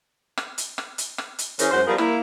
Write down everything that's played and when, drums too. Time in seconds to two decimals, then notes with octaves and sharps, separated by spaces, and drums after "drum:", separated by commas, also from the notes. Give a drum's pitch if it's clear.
0.37 drum: rim click
0.58 drum: hi-hat
0.78 drum: rim click
0.98 drum: hi-hat
1.18 drum: rim click
1.39 drum: hi-hat
1.59 E3 C#4 G#4 A#4 C5 C#5, drum: hi-hat
1.71 F#2 G#3 F#4 C5
1.87 F3 G3 B3 G#4 A#4
1.98 A#3 E4, drum: rim click